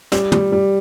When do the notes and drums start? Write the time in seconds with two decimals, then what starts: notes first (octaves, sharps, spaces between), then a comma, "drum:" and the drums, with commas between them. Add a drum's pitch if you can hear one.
0.12 G3, drum: snare
0.32 G3, drum: tom
0.52 G3